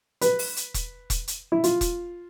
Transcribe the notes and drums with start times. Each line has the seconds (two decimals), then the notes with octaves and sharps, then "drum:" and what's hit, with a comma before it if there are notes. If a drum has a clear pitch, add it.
0.21 B4, drum: hi-hat
0.39 drum: open hi-hat
0.57 drum: hi-hat
0.74 drum: kick E1, hi-hat
1.10 drum: kick E1, hi-hat
1.28 drum: hi-hat
1.52 E4
1.64 F4, drum: hi-hat
1.81 drum: kick E1, hi-hat